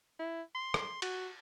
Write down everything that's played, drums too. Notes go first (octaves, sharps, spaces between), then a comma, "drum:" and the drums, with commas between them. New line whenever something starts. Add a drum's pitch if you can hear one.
E4
C6
drum: rim click
F#4, drum: cymbal